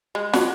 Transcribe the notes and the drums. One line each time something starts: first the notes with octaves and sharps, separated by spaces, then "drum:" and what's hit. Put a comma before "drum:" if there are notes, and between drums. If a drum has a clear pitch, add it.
G#3
F#3, drum: snare